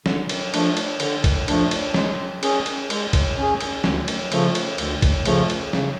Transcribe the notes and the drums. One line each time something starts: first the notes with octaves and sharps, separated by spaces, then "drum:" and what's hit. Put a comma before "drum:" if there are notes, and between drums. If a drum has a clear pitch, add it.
D3, drum: snare
drum: cymbal
F3 A3 D4, drum: cymbal
drum: cymbal
D3, drum: cymbal
drum: kick, cymbal
F3 A3 D4, drum: cymbal
drum: cymbal
G#3, drum: snare
C#4 G#4, drum: cymbal
drum: cymbal
G#3, drum: cymbal
drum: kick, cymbal
C#4 G#4
drum: cymbal
D2, drum: snare
drum: cymbal
C#3 F3 A3, drum: cymbal
drum: cymbal
D2, drum: cymbal
drum: kick, cymbal
C#3 F3 A3, drum: cymbal
drum: cymbal
C#3, drum: snare